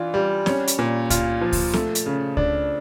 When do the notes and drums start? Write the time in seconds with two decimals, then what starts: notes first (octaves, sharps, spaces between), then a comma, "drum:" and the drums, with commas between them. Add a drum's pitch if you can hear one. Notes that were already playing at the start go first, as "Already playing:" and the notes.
Already playing: E3 D4 F4
0.14 G3
0.46 C#4, drum: snare C4
0.67 drum: hi-hat
0.79 A#2
1.10 F4, drum: kick C#2, hi-hat
1.41 F3
1.52 drum: kick C#2, open hi-hat
1.73 A3, drum: snare C4
1.95 drum: hi-hat
2.06 C#3
2.37 D4, drum: kick C#2